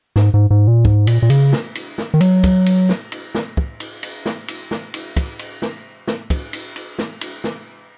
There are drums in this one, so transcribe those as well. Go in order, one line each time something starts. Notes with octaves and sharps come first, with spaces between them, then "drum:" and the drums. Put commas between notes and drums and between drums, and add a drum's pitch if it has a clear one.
G#2, drum: snare
G#2
G#2
A#2
G#2, drum: kick
A#2, drum: cymbal
A#2
C#3, drum: cymbal
drum: snare
drum: cymbal
drum: snare
D#3
F#3, drum: cymbal
drum: kick, cymbal
drum: cymbal
drum: snare
drum: cymbal
drum: snare
drum: kick
drum: cymbal
drum: cymbal
drum: snare
drum: cymbal
drum: snare
drum: cymbal
drum: kick, cymbal
drum: cymbal
drum: snare
drum: snare
drum: kick, cymbal
drum: cymbal
drum: cymbal
drum: snare
drum: cymbal
drum: snare